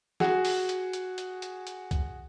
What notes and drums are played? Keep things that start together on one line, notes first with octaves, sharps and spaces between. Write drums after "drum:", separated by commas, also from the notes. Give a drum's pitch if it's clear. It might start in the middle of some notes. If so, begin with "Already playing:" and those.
F#4 G#4, drum: snare
drum: open hi-hat
drum: hi-hat
drum: hi-hat
drum: hi-hat
drum: hi-hat
drum: hi-hat
drum: kick C2, hi-hat